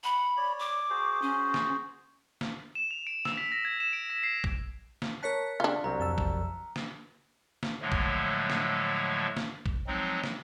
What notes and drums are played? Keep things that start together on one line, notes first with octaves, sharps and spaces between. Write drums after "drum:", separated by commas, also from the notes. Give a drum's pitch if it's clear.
F#5 B5
C#5 D5
D6
F#4 G#4 C5
C#4
drum: snare
drum: snare
E7
F7
D7
E6, drum: snare
B6
A#6
G#6
E7
D7
B6
C7
drum: kick
drum: snare
A#4 C#5 A5 F#6 B6 C#7
C#3 D4 F4 F6
C2 F#3 C4 A#5
F2 A5 E6
drum: kick
drum: snare
drum: snare
A2 D3 F3 F#3 G#3 A3
drum: kick
drum: snare
drum: snare
drum: kick
F3 F#3 G#3 C4 D#4
drum: snare